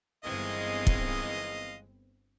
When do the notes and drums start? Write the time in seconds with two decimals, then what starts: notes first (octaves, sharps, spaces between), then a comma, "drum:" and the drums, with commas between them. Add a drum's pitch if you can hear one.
0.24 G1 D#3 E3 G#3 B3 C4 D#5 F5
0.87 drum: kick